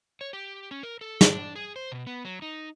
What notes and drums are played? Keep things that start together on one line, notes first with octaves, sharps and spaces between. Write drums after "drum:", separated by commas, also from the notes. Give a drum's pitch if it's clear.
C#5
G4
C#4
A#4
A4
D4, drum: snare
G#4
C5
B2
B3
F#3
D#4